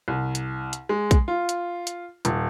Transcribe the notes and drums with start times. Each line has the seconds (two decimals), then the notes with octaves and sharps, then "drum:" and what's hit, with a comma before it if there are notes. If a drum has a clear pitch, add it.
0.08 C2
0.35 drum: hi-hat
0.73 drum: hi-hat
0.89 G#3
1.11 drum: kick A#1, hi-hat
1.28 F4
1.49 drum: hi-hat
1.87 drum: hi-hat
2.25 D#1, drum: hi-hat